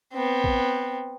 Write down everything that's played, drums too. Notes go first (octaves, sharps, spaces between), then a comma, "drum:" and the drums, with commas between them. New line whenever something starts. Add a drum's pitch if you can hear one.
B3 C4
drum: kick